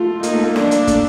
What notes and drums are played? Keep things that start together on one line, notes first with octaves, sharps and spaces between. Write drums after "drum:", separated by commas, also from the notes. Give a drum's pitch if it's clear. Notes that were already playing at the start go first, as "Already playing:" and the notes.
Already playing: A3 F4
A#3 D#4, drum: hi-hat
A3
A#3
D4, drum: snare C#4
drum: hi-hat
A3, drum: kick, hi-hat